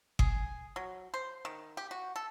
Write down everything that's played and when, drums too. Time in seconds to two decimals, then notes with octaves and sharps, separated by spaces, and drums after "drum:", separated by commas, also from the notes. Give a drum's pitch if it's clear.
0.19 G#4, drum: kick G1
0.76 F#3
1.14 C5
1.45 D#3
1.77 G4
1.91 F#4
2.16 A4